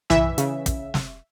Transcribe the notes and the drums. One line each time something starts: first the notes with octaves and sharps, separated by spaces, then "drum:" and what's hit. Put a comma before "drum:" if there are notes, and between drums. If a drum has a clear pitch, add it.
E3 E5, drum: tom B1
C#3, drum: hi-hat
drum: kick, hi-hat
drum: snare